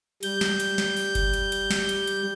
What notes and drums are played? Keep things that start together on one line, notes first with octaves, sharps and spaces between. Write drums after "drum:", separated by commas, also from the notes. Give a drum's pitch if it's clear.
G3 G6, drum: hi-hat
drum: snare
drum: hi-hat
drum: snare
drum: open hi-hat
drum: kick G1, hi-hat
drum: hi-hat
drum: hi-hat
drum: snare
drum: hi-hat
drum: hi-hat